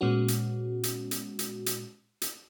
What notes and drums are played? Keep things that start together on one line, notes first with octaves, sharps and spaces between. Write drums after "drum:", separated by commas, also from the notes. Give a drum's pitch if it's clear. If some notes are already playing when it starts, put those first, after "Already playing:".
A#2 G#3 B3 C#4 F#4
drum: hi-hat
drum: hi-hat
drum: hi-hat
drum: hi-hat
drum: hi-hat
drum: hi-hat